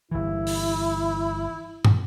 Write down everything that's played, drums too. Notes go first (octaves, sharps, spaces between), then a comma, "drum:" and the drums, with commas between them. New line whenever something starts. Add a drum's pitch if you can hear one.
G1 E3 E4
drum: open hi-hat
drum: tom